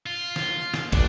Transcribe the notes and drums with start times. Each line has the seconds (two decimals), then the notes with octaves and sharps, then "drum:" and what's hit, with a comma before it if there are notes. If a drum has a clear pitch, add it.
0.06 F4
0.36 drum: snare
0.74 drum: snare
0.92 A1 D4 D5, drum: kick, cymbal